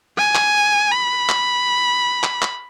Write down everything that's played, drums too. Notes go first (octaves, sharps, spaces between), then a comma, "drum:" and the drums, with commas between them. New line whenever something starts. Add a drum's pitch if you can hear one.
G#5
drum: clap
B5
drum: clap
drum: clap
drum: clap